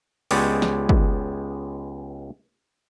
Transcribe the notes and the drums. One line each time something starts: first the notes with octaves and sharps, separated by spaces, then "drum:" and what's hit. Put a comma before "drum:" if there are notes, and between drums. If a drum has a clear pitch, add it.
C#2 G#3 B3 G4 C#5 D5, drum: open hi-hat
drum: snare
drum: kick